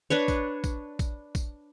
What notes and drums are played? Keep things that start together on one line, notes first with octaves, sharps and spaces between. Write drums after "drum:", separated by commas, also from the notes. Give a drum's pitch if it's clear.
D4 B4 C#5
drum: kick A1, tambourine
drum: kick A1, tambourine
drum: kick A1, tambourine
drum: kick A1, tambourine